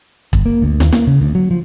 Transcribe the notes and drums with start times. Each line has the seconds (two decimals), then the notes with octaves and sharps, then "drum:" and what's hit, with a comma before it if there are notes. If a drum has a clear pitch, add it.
0.33 G1, drum: kick E1
0.46 A#3
0.62 D2
0.80 D#2, drum: snare
0.92 A#3, drum: snare
1.07 C#3
1.22 D2
1.35 F#3
1.51 F3